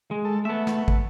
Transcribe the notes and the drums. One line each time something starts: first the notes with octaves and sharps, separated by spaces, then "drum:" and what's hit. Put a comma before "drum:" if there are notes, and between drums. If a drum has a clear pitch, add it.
G#3
A4
A3 B3 E5
drum: snare
drum: kick